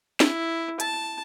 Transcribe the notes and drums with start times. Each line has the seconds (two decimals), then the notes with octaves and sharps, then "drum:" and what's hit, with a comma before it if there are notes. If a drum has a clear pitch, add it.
0.20 E4, drum: snare
0.80 A5, drum: hi-hat